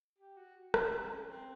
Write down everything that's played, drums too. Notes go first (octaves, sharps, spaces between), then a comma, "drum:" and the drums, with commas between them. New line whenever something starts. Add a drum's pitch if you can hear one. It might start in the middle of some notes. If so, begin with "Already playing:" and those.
G4
F#4
C#4, drum: rim click
C4
C#4
C4